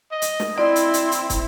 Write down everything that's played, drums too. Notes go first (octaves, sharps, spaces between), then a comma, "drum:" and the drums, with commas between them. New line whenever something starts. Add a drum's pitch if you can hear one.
D#5
drum: hi-hat
drum: snare
C4 E4 D5 C6
drum: hi-hat
drum: hi-hat
drum: hi-hat
drum: kick, hi-hat